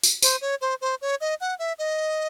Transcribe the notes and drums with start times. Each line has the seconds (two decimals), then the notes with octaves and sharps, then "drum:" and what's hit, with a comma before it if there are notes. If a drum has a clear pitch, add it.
0.03 drum: tambourine
0.22 C5, drum: tambourine
0.41 C#5
0.61 C5
0.81 C5
1.01 C#5
1.21 D#5
1.41 F#5
1.59 E5
1.79 D#5